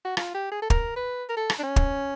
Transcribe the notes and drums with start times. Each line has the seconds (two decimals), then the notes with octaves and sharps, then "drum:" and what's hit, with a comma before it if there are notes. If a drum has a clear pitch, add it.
0.05 F#4
0.17 F4, drum: rim click
0.34 G4
0.52 G#4
0.61 A4
0.70 A#4, drum: kick
0.96 B4
1.29 A#4
1.36 A4
1.50 drum: rim click
1.59 D4
1.63 C#4
1.76 drum: kick